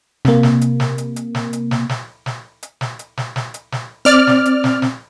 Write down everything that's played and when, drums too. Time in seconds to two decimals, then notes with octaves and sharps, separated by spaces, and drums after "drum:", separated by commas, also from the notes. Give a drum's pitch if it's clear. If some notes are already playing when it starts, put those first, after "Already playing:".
0.25 C3 A#3, drum: snare
0.43 drum: snare
0.61 drum: hi-hat
0.80 drum: snare
0.98 drum: hi-hat
1.16 drum: hi-hat
1.35 drum: snare
1.53 drum: hi-hat
1.71 drum: snare
1.89 drum: snare
2.26 drum: snare
2.63 drum: hi-hat
2.81 drum: snare
2.99 drum: hi-hat
3.17 drum: snare
3.36 drum: snare
3.54 drum: hi-hat
3.72 drum: snare
4.05 C4 D5 F6
4.27 drum: snare
4.45 drum: hi-hat
4.64 drum: snare
4.82 drum: snare